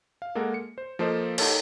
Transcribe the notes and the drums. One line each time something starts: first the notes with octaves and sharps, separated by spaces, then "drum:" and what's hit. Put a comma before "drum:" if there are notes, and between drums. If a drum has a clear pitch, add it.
F5
G#3 A#3 A4 A#4 F#5
C#7
C5
F3 A#3 A4 C5 D#5
D#4 G4 A4 A#4 C#5, drum: cymbal